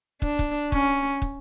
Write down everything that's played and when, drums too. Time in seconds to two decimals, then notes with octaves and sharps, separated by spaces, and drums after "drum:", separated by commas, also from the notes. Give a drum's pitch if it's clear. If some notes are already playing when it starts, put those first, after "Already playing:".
0.22 D4, drum: kick
0.39 drum: kick
0.72 C#4, drum: kick
1.22 drum: kick